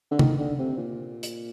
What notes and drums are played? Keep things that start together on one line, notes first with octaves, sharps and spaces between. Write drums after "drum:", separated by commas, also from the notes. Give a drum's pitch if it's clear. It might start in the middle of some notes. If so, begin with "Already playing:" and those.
D3
D#3, drum: tom C3
D3
C3
A#2
drum: hi-hat